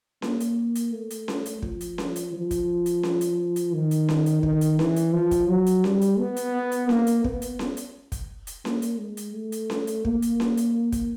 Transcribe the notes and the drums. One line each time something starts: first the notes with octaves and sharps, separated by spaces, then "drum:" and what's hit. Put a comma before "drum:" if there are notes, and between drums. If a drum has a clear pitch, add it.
A#3, drum: snare C#4
drum: hi-hat
drum: hi-hat
A3
drum: hi-hat
drum: snare C#4
drum: hi-hat
F3, drum: kick
drum: hi-hat
drum: snare C#4
drum: hi-hat
F3
drum: kick, hi-hat
drum: hi-hat
drum: snare C#4
drum: hi-hat
drum: hi-hat
D#3
drum: hi-hat
drum: snare C#4
drum: hi-hat
D#3, drum: kick
drum: hi-hat
E3, drum: snare C#4
drum: hi-hat
F3
drum: kick, hi-hat
F#3
drum: hi-hat
G3, drum: snare C#4
drum: hi-hat
B3
drum: hi-hat
drum: hi-hat
A#3, drum: snare C#4
drum: hi-hat
B3, drum: kick
drum: hi-hat
drum: snare C#4
drum: hi-hat
drum: kick, hi-hat
drum: hi-hat
A#3, drum: snare C#4
drum: hi-hat
G#3
drum: hi-hat
A3
drum: hi-hat
drum: snare C#4
drum: hi-hat
A#3, drum: kick
drum: hi-hat
drum: snare C#4
drum: hi-hat
drum: kick, hi-hat